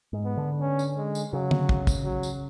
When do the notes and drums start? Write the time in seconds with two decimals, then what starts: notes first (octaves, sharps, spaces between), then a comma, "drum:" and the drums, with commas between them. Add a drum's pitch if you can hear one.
0.13 G#2
0.25 B3
0.37 D3
0.61 C#4
0.79 drum: tambourine
0.97 G#3
1.15 drum: tambourine
1.33 C#3 F#3
1.51 drum: tom
1.69 drum: kick
1.87 drum: kick, tambourine
2.06 F#3
2.23 drum: tambourine